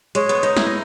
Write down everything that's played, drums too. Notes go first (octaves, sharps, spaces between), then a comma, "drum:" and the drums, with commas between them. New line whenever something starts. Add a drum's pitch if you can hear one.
G#3 C#5, drum: hi-hat
B3, drum: hi-hat
D#4, drum: hi-hat
E4, drum: snare
D#4